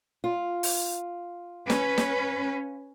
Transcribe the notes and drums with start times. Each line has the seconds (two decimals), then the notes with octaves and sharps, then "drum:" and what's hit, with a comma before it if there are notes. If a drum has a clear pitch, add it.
0.24 F4
0.63 drum: open hi-hat
1.70 C#4 B4, drum: snare
1.98 drum: snare